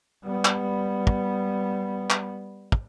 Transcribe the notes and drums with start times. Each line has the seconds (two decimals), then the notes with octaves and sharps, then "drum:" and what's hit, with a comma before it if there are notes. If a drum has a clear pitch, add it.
0.24 G3 B3
0.45 drum: clap
1.07 drum: kick
2.10 drum: clap
2.72 drum: kick